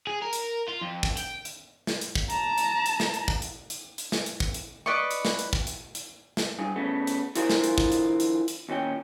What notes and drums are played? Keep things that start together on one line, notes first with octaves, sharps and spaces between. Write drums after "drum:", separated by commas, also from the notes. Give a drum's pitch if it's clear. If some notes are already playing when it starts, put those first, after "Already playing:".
G#4
A#4
drum: hi-hat
F4
F2
drum: kick
G5, drum: hi-hat
drum: hi-hat
drum: snare
drum: hi-hat
drum: kick
A5 A#5, drum: hi-hat
drum: hi-hat
drum: hi-hat
drum: snare
drum: hi-hat
drum: kick
drum: hi-hat
drum: hi-hat
drum: hi-hat
drum: snare
drum: hi-hat
drum: kick
drum: hi-hat
B4 D5 D#5 C#6
drum: hi-hat
drum: snare
drum: hi-hat
drum: kick
drum: hi-hat
drum: hi-hat
drum: snare
G2 G#4
C#3 A3 B3
drum: hi-hat
D3 E3 F4 G#4 A#4 C5, drum: hi-hat
drum: snare
drum: hi-hat
drum: kick
drum: hi-hat
drum: hi-hat
drum: hi-hat
D#2 A#2 C#4 G5